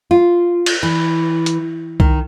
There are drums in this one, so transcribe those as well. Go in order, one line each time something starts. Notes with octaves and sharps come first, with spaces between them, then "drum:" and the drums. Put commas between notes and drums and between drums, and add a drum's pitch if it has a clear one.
F4
drum: cymbal
E3
drum: hi-hat
D#3, drum: kick C2